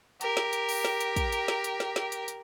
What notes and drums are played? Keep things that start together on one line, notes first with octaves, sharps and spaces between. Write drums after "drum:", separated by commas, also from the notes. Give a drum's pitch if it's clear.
G4 A#4, drum: hi-hat
drum: snare
drum: hi-hat
drum: open hi-hat
drum: snare
drum: hi-hat
drum: kick, hi-hat
drum: hi-hat
drum: snare
drum: hi-hat
drum: snare
drum: snare
drum: hi-hat
drum: hi-hat